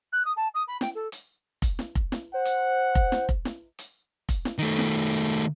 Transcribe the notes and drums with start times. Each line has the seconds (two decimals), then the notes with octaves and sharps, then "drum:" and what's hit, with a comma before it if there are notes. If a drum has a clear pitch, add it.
0.12 F#6
0.25 D#6
0.36 A5
0.54 D#6
0.67 B5
0.81 G5, drum: snare
0.95 A4
1.12 drum: hi-hat
1.62 drum: kick F1, hi-hat
1.79 drum: snare
1.95 drum: kick F1
2.12 drum: snare
2.34 C5 F#5
2.45 drum: hi-hat
2.95 drum: kick F1
3.12 drum: snare
3.29 drum: kick F1
3.45 drum: snare
3.79 drum: hi-hat
4.29 drum: kick F1, hi-hat
4.45 drum: snare
4.59 D#3 A3
4.79 drum: snare
5.12 drum: hi-hat